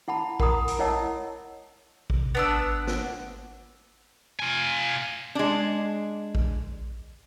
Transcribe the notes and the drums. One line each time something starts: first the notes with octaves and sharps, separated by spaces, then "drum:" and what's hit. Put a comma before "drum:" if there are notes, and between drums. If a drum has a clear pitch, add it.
E4 F#5 A5 B5
A#4 F#5 A#5 B5 D#6, drum: kick A#1
drum: hi-hat
E4 C#5 D#5 F#5 A5 E6
C3, drum: kick A#1
G#1 B3 D4 E6
drum: snare
F4 G#5
G#3 D4
drum: kick A#1